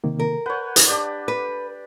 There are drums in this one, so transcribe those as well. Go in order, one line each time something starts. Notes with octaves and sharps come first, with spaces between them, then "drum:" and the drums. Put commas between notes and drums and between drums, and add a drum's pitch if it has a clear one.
C3 D#3 A#3
A#4
B4 C#5 F#5 F#6 G6
drum: hi-hat
D4 G4 D5
B4